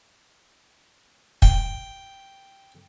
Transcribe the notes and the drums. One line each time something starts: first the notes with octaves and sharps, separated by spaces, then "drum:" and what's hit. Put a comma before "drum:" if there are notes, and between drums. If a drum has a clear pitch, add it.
G5, drum: kick